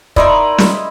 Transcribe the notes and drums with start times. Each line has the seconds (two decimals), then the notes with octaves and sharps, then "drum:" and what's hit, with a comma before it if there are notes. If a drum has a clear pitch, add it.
0.16 D#4 E4 A#4 C5 D5 D#5, drum: kick
0.58 drum: snare